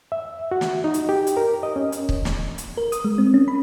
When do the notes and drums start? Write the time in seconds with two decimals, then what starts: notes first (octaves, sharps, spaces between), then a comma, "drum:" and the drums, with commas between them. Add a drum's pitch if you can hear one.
0.12 E5
0.51 F#4
0.61 drum: snare
0.84 D#4
0.94 drum: hi-hat
1.09 G4
1.27 drum: hi-hat
1.37 A#4
1.63 D#5
1.76 C#4
1.92 drum: hi-hat
2.09 drum: kick
2.25 drum: snare
2.58 drum: hi-hat
2.77 A#4
2.92 D#6, drum: hi-hat
3.05 G#3
3.18 C4
3.34 C#4
3.48 B5